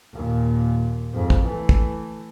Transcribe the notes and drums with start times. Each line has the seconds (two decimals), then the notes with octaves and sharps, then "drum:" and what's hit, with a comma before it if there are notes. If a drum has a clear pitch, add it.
0.13 D#2 A#2
1.14 F2 G#2
1.30 drum: kick
1.46 E3 A3
1.69 drum: kick